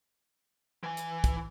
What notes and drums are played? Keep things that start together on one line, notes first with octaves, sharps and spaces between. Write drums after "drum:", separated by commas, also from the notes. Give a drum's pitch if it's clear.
E3 G#5
drum: hi-hat
drum: kick, hi-hat